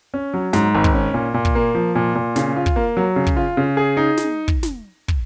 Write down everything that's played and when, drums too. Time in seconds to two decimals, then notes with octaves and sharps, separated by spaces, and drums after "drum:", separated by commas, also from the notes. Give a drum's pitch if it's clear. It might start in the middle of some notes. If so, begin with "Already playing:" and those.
0.14 C#4
0.34 F#3
0.53 G#2, drum: snare
0.75 G#1
0.84 drum: kick
0.94 C#4
1.14 A#2
1.34 A#2
1.45 drum: kick
1.55 A#3
1.75 F3
1.95 A#2
2.15 A#2
2.36 C#3, drum: snare
2.56 F4
2.66 drum: kick
2.76 A#3
2.97 F#3
3.16 C#3
3.27 drum: kick
3.37 F4
3.57 C#3
3.77 G#4
3.97 D#4
4.17 drum: snare
4.48 drum: kick
4.63 drum: snare
5.08 drum: kick